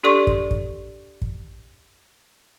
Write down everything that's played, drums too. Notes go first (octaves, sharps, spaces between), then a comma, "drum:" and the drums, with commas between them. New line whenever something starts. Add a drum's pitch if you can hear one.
D4 G4 A4 D5 C6 C#6
drum: kick
drum: kick
drum: kick